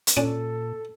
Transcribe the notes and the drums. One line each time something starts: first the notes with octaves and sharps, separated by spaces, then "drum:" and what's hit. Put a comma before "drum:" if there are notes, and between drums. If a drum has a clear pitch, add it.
drum: hi-hat
A#2 C#4 D4 A4